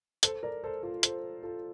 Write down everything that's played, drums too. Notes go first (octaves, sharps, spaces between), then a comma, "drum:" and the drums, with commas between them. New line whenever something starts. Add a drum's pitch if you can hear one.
A4 C5, drum: hi-hat
A#4 D5
A4 C5
F4 A4
A4 C5, drum: hi-hat
F4 A4